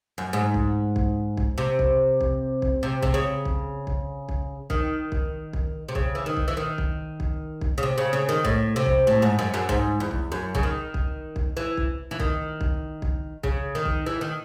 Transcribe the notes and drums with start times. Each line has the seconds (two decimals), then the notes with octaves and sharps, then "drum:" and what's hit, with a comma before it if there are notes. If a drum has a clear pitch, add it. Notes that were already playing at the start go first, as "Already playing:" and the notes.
0.18 F#2
0.33 G#2
0.54 drum: kick
0.96 drum: kick
1.37 drum: kick
1.58 C3
1.79 drum: kick
2.21 drum: kick
2.62 drum: kick
2.83 C3
3.03 C3, drum: kick
3.14 C#3
3.45 drum: kick
3.87 drum: kick
4.29 drum: kick
4.70 D#3, drum: kick
5.12 drum: kick
5.53 drum: kick
5.88 C3
5.95 C#3, drum: kick
6.15 E3
6.26 D#3
6.37 drum: kick
6.48 E3
6.57 D#3
6.78 drum: kick
7.20 drum: kick
7.61 drum: kick
7.78 C#3
7.83 C3
7.98 C#3
8.13 C#3
8.29 D#3
8.45 A2, drum: kick
8.76 C3
8.86 drum: kick
9.07 A2
9.22 G#2
9.39 F#2
9.54 F#2
9.69 G#2, drum: kick
10.00 E2
10.11 drum: kick
10.32 F#2
10.55 C#3, drum: kick
10.63 D#3
10.94 drum: kick
11.36 drum: kick
11.57 E3
11.77 drum: kick
12.11 E3
12.20 D#3, drum: kick
12.61 drum: kick
13.02 drum: kick
13.43 C#3, drum: kick
13.75 D#3
13.85 drum: kick
14.06 E3
14.21 D#3